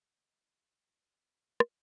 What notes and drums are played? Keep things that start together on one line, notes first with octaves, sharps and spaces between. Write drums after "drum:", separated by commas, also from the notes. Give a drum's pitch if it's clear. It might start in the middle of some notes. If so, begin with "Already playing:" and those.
A#3 D4
D#5
D4 F4
D4 F4
D5, drum: rim click